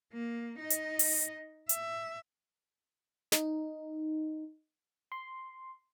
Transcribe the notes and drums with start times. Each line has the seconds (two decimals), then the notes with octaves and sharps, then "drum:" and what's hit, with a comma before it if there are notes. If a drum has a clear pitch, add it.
0.13 A#3
0.60 D#4 D#5
0.70 drum: hi-hat
0.99 drum: open hi-hat
1.69 E5, drum: hi-hat
3.32 D#4, drum: snare
5.12 C6